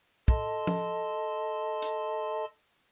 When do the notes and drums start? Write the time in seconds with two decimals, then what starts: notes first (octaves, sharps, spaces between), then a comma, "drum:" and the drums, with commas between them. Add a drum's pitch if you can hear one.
0.28 A4 D#5 A5 C6, drum: kick
0.67 drum: tom
1.82 drum: hi-hat